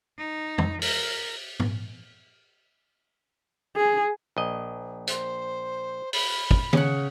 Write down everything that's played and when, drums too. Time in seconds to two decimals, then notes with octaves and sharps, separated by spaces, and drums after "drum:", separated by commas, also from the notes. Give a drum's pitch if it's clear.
0.18 D#4
0.58 drum: tom F2
0.82 A#4, drum: open hi-hat
1.60 drum: tom G#2
3.76 G#4
4.37 A#1 D#5
5.07 C5, drum: hi-hat
6.13 B5, drum: open hi-hat
6.51 drum: kick
6.73 C#3 F#5, drum: tom